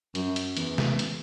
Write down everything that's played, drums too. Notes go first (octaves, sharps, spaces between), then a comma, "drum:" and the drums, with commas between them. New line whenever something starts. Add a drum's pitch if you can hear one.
F#2, drum: hi-hat
drum: hi-hat
E2, drum: hi-hat
drum: snare
drum: hi-hat